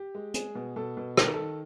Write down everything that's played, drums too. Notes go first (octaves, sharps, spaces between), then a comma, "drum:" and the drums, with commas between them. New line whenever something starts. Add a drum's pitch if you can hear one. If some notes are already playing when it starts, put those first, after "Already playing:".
Already playing: G4
G#3
G#3 G#4, drum: hi-hat
B2
B2 A4
B2
D#3 A4, drum: rim click
A#4
A4
D#3